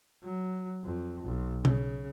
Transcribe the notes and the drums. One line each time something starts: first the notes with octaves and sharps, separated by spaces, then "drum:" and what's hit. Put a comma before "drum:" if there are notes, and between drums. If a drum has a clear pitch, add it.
F#3
F2
B1
C#3, drum: tom B2